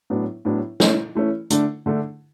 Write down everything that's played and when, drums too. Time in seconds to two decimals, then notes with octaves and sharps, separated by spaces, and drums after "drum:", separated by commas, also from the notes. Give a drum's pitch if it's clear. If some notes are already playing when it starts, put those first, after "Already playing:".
0.10 A2 F#3 B3 D4
0.45 A2 F#3 B3 D4
0.80 E3 A3 C#4, drum: snare
1.15 E3 A3 C#4
1.50 D3 A3 D4, drum: hi-hat
1.86 D3 A3 D4